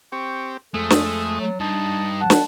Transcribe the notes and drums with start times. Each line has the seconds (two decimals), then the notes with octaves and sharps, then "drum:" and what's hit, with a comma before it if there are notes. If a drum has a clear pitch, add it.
0.12 C4 G4 C#6
0.74 F2 G#3 A3 A4 D#6
0.90 drum: snare
1.38 F#3
1.60 G2 D#4 A5
2.21 F#5 A5
2.30 drum: snare